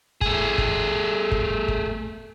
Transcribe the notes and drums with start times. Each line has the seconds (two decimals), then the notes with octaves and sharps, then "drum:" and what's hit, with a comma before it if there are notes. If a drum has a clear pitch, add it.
0.21 A3 G#4, drum: kick
0.58 drum: kick
1.32 drum: kick
1.68 drum: kick